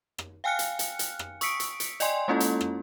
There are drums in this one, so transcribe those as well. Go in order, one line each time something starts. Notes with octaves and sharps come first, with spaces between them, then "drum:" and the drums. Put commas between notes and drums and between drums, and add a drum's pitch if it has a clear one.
drum: rim click
F5 G5 G#5 F6 F#6 C#7
drum: hi-hat
drum: hi-hat
drum: hi-hat
drum: rim click
C#6 D#6 E6 B6 C#7 D7, drum: hi-hat
drum: hi-hat
drum: hi-hat
D5 D#5 G5 G#5 C6, drum: hi-hat
G#3 A#3 C#4 E4 F4 A4
drum: hi-hat
drum: rim click